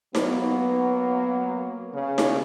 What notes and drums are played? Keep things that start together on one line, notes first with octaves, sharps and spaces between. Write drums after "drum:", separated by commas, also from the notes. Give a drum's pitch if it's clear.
F#3 A#3 B3, drum: snare D#4
C#3
drum: snare D#4